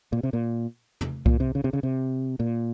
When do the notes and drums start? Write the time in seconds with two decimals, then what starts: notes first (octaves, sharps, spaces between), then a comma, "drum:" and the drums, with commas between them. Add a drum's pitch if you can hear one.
0.13 A#2
0.23 C3
0.33 A#2
1.01 drum: tom
1.26 A#2, drum: kick C2
1.40 C3
1.55 C#3
1.64 C3
1.73 C#3
1.83 C3
2.40 A#2